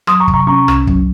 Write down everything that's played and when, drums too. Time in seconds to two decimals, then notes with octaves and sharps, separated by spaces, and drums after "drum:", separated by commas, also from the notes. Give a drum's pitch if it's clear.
0.07 F#3 C6 D#6, drum: rim click
0.20 A#5 C#6
0.28 C3, drum: kick
0.34 A#5 C#6
0.47 C#4 A#5 C#6
0.68 C2, drum: rim click
0.87 F#3, drum: kick